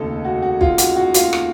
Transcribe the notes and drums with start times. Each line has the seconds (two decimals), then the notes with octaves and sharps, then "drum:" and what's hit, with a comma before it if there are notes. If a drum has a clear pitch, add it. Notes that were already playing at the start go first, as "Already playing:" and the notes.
Already playing: F1 D#2 C#3 D#4 A4
0.25 F#4
0.42 F#4
0.61 F4, drum: kick B1
0.78 F#4, drum: hi-hat
0.96 F#4
1.14 F4, drum: hi-hat
1.33 drum: rim click